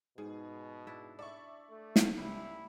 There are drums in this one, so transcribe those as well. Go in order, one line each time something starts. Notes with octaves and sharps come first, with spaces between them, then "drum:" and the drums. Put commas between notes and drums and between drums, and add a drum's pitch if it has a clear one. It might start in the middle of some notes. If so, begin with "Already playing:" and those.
G#2 B2 G#4
D4 E4
A4 D5 E5 C#6
A3
drum: snare
C#2 G3 E4